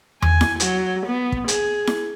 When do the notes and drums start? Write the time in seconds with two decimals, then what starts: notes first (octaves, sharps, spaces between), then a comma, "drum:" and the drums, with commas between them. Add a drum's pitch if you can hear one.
0.22 G#5, drum: tom E2
0.41 drum: snare E4
0.60 F#3, drum: hi-hat
1.07 B3
1.32 drum: kick
1.48 G#4, drum: hi-hat
1.87 drum: snare E4